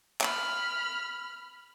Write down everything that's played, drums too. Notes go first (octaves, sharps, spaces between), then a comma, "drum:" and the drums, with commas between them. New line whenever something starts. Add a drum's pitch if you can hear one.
B5 F6, drum: clap